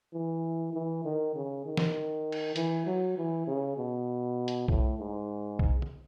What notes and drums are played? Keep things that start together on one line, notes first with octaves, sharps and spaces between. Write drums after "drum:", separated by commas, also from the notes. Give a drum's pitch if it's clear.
E3
E3
D#3
C#3
D#3
drum: snare
drum: cymbal
E3, drum: hi-hat
F#3
E3
C#3
B2
drum: hi-hat
A2, drum: kick B1
G#2
drum: kick B1
drum: tom